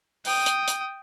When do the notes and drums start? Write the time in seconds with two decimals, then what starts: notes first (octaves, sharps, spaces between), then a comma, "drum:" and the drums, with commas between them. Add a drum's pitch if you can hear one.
0.25 G5 D#6, drum: open hi-hat
0.46 drum: hi-hat
0.68 drum: hi-hat